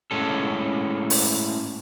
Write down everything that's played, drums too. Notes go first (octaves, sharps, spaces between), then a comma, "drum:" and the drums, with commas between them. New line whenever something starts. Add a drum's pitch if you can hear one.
A2 G#3 C#4 A4
drum: open hi-hat